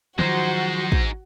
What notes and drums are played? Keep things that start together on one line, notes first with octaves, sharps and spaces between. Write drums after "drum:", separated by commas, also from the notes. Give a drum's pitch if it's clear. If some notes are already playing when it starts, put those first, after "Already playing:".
D#3 F3 F#3 G#3 D#4 F#4 C5
drum: kick